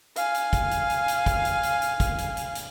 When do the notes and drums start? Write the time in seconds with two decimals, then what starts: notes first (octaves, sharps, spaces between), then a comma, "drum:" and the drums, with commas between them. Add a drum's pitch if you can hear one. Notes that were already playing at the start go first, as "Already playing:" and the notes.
0.16 F5 G#5, drum: hi-hat
0.34 drum: hi-hat
0.53 drum: kick, hi-hat
0.71 drum: hi-hat
0.90 drum: hi-hat
1.08 drum: hi-hat
1.26 drum: kick, hi-hat
1.45 drum: hi-hat
1.63 drum: hi-hat
1.82 drum: hi-hat
2.00 drum: kick, hi-hat
2.18 drum: hi-hat
2.37 drum: hi-hat
2.55 drum: hi-hat